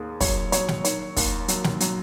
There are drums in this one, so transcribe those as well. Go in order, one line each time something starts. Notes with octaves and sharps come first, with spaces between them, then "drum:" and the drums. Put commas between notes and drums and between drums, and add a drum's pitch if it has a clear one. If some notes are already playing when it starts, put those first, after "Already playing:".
Already playing: D#2 G#4
F#3 C#5, drum: kick, open hi-hat
F#3 C#5, drum: hi-hat
drum: snare
D#3 C#5, drum: hi-hat
D#2, drum: kick, open hi-hat
F#3, drum: hi-hat
drum: snare
F#3, drum: hi-hat